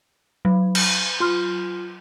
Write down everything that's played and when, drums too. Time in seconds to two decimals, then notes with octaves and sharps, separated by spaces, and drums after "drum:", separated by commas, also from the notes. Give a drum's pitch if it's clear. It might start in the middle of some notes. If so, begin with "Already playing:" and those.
0.45 F#3
0.75 drum: cymbal
1.20 F4 C6 F6